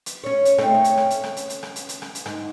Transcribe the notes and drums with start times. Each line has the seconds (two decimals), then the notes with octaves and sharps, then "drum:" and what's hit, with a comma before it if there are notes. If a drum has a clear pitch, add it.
0.06 drum: hi-hat
0.24 C#4 C#5
0.45 drum: hi-hat
0.58 A3 C4 D#4, drum: rim click
0.75 C#4
0.84 drum: hi-hat
0.97 drum: rim click
1.10 drum: hi-hat
1.24 drum: rim click
1.37 drum: hi-hat
1.50 drum: hi-hat
1.63 drum: rim click
1.76 drum: hi-hat
1.89 drum: hi-hat
2.02 drum: rim click
2.15 drum: hi-hat
2.26 G#2, drum: rim click